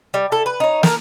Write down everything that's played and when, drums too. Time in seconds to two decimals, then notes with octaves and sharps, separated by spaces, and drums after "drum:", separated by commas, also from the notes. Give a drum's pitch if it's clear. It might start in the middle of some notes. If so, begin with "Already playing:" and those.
0.14 G3
0.32 E4 A4
0.46 B4
0.60 D#4 C#5
0.83 A4 A#4, drum: snare